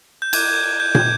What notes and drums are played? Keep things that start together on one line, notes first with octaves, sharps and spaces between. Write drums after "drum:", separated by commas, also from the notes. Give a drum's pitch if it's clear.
G6
D6 F#6 G#6, drum: cymbal
G#6
G#6
G6
G#6, drum: tom